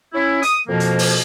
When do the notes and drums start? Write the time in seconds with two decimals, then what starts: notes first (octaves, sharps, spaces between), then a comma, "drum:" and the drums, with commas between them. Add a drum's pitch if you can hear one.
0.13 C#4 E4
0.43 D#6, drum: hi-hat
0.68 F2 B2 F3 A#3
0.80 drum: hi-hat
0.99 drum: open hi-hat